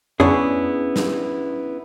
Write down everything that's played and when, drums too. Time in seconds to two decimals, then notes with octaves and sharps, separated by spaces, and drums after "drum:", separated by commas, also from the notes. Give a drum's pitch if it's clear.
0.20 B3 C#4 D4 E4 G#4, drum: tom F2
0.96 drum: snare